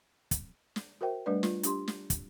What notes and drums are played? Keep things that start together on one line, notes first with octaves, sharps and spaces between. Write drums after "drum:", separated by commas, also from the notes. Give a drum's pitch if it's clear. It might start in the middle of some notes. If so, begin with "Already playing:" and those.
drum: kick, hi-hat
drum: snare
F#4 A#4 C5 E5 G5
G3 A3 D4 B4 D5
F4, drum: snare
D4 G4 C6, drum: hi-hat
drum: snare
drum: kick, hi-hat